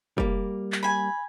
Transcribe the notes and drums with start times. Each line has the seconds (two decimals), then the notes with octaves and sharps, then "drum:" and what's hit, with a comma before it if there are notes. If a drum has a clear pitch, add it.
0.18 G3 A#3, drum: kick
0.72 drum: clap
0.83 G#5 B5